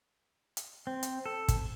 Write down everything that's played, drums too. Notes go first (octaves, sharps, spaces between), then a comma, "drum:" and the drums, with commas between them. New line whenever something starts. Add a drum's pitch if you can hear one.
drum: hi-hat
C4
drum: hi-hat
A4
drum: kick G#1, hi-hat